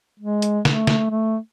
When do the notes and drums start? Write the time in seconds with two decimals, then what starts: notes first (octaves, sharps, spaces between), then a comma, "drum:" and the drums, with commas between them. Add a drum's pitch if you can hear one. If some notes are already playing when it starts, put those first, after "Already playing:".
0.20 G#3
0.42 drum: hi-hat
0.65 A3, drum: snare
0.87 drum: snare
1.10 A3